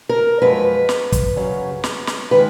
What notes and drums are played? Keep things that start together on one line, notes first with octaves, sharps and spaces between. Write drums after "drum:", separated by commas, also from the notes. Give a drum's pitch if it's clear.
A#4
F#2 F3 G#3 B4
drum: snare
drum: kick, hi-hat
F#2 C#3 F#3
drum: snare
drum: snare
D#3 G#3 B4